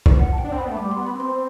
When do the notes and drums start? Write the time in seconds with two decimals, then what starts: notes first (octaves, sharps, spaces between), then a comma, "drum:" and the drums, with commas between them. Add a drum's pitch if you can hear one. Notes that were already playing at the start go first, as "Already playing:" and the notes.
0.06 drum: kick
0.19 F#5
0.32 A5
0.38 G5
0.44 D4
0.52 C4
0.58 B3 B5
0.69 A3
0.77 G3 D6
0.91 B3 C6
1.06 B5
1.15 C4 C6